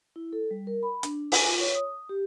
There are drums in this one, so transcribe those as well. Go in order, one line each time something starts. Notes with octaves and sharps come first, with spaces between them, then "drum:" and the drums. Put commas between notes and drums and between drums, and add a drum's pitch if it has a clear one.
E4
A4
G3
A#4
B5
D4, drum: hi-hat
G#5, drum: open hi-hat
F4
C#5
D#6
G4